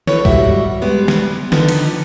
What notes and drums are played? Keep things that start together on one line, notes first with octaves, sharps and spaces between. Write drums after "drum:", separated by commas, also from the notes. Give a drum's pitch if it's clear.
E4 A4 B4 C#5, drum: snare
G#2 G3 F#4 E5 F#5, drum: kick
G3 G#3 B3
drum: snare
D3 D#3 F3 B3 D#4, drum: snare
drum: cymbal